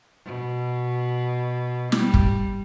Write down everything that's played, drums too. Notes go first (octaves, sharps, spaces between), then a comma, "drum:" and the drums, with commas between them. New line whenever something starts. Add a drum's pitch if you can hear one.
B2
G3, drum: snare
drum: kick